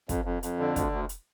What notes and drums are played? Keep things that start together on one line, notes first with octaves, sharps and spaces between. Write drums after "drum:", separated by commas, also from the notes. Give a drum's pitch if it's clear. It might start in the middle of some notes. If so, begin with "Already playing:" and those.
F2, drum: kick, hi-hat
F2
F2, drum: hi-hat
D3
D2, drum: kick, hi-hat
D2
drum: hi-hat